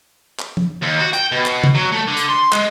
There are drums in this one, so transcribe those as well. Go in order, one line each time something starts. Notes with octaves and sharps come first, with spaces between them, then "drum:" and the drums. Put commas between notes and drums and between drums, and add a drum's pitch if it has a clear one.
drum: clap
drum: tom
D#2
F#4
G5, drum: hi-hat
B2
drum: clap
drum: tom
F#3
A3
D3
drum: hi-hat
C6
G#3, drum: clap